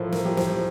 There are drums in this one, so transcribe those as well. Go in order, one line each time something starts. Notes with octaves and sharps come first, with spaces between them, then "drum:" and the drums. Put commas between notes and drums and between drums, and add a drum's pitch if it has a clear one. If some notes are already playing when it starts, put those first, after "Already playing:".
Already playing: A2 F3 A4 A#4 C5
A#4, drum: snare
G4
C5, drum: snare